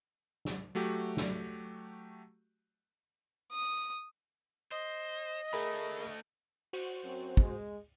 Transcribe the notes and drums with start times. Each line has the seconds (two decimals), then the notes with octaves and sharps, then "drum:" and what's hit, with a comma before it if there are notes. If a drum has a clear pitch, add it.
0.45 drum: snare
0.75 F#3 A3 F#4 G4
1.17 drum: snare
3.52 D#6
4.71 C5 D#5
5.53 D2 A3 G#4 A#4 B5
6.73 F#4 C5, drum: open hi-hat
7.03 F#2 C4
7.37 G#3, drum: kick